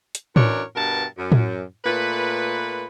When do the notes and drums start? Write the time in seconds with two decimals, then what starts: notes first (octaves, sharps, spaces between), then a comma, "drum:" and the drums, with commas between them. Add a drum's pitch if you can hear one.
0.15 drum: hi-hat
0.36 F#2 E3 D4 A#4 C#5, drum: tom A2
0.75 G2 B2 A#4 A5
1.18 F#2
1.32 drum: tom A2
1.85 A#2 A3 B4